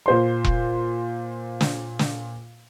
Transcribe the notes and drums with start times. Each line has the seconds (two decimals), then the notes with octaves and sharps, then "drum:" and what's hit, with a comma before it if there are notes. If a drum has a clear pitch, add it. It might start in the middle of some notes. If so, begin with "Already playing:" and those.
0.06 A#2 C5 C6
0.44 drum: kick E1
1.61 drum: snare
1.99 drum: snare